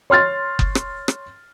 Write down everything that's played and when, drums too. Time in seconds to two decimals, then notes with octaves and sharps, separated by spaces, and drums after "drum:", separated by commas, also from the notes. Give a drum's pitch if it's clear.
0.10 C#5 C6 F6 A6
0.59 drum: kick F#1
0.75 drum: rim click
1.08 drum: rim click